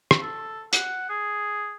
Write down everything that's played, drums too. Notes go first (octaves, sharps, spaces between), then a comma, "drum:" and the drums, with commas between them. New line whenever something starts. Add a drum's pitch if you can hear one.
drum: rim click
A4
F#5, drum: hi-hat
G#4